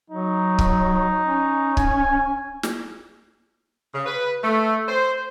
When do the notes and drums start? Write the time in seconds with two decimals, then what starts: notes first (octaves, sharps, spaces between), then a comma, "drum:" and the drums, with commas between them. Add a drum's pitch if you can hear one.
0.10 F#3 D#4
0.59 drum: kick C#1
1.23 C#4
1.77 G#5, drum: kick C#1
2.63 drum: snare
3.94 C#3
4.06 B4
4.44 A3
4.88 C5